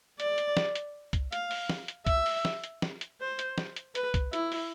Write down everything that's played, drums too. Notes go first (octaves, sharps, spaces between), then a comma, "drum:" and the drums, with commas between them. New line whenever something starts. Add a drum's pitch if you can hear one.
D5, drum: hi-hat
drum: hi-hat
drum: snare
drum: hi-hat
drum: kick, hi-hat
F5, drum: hi-hat
drum: open hi-hat
drum: snare
drum: hi-hat
E5, drum: kick, hi-hat
drum: open hi-hat
drum: snare
drum: hi-hat
drum: snare
drum: hi-hat
C5
drum: hi-hat
drum: snare
drum: hi-hat
B4, drum: hi-hat
drum: kick, hi-hat
E4, drum: hi-hat
drum: open hi-hat